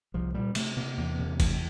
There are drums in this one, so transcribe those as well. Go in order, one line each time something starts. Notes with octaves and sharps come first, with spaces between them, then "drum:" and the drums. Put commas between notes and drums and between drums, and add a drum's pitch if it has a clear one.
C2 F3
A#2 G3
C3 A3, drum: cymbal
C3 A#3
E2 A#3
C3 A#3
E2 A3, drum: kick, cymbal